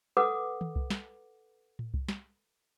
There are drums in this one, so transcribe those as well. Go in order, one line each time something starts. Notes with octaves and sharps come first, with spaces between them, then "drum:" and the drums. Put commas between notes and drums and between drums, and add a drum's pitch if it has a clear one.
A4 B4 F#5 D6
drum: tom D#3
drum: kick C2
drum: snare
drum: tom A2
drum: kick C2
drum: snare